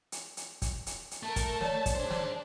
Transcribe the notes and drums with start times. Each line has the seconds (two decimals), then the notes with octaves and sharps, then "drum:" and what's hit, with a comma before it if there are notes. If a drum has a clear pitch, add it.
0.12 drum: hi-hat
0.37 drum: hi-hat
0.62 drum: kick, hi-hat
0.87 drum: hi-hat
1.11 drum: hi-hat
1.23 A3 A4 A#4
1.36 drum: kick, hi-hat
1.61 C#5 D5 A5, drum: snare
1.86 drum: kick, hi-hat
1.95 D4 G#4 C5
2.10 drum: snare